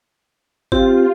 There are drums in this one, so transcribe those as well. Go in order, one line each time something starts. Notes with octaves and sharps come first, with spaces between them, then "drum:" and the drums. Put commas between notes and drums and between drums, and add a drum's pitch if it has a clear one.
C4 F4 G4, drum: kick G#1